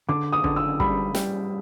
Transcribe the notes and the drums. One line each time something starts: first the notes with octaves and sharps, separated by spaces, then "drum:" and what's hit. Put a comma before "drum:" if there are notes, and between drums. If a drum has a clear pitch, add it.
D3 D6
D#6
D3, drum: kick
E6
G3 B5, drum: kick
G3, drum: snare